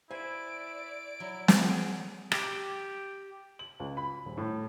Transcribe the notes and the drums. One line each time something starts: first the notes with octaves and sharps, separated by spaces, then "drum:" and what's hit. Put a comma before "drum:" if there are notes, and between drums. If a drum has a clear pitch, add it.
E4 C5 D5 G#5 D7
F#3 E4
drum: snare
G#4 F#5
G4, drum: rim click
F#7
C#2
B5
D#1
A2